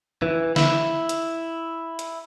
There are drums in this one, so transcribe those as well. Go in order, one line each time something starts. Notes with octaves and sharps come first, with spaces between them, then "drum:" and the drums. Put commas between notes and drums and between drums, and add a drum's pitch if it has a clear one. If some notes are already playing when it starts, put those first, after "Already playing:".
E3
E4, drum: snare
drum: hi-hat
drum: hi-hat